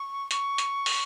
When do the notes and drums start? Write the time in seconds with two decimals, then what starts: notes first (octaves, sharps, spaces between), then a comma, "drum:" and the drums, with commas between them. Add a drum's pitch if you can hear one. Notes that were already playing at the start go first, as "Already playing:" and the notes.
Already playing: C#6
0.31 C#6, drum: hi-hat
0.58 drum: hi-hat
0.86 drum: open hi-hat